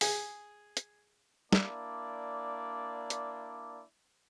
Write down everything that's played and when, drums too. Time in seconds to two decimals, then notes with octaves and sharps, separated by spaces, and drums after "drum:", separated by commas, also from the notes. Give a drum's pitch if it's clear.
0.01 G#4, drum: open hi-hat
0.77 drum: hi-hat
1.53 A#3 D4 E4 D5, drum: snare
3.10 drum: hi-hat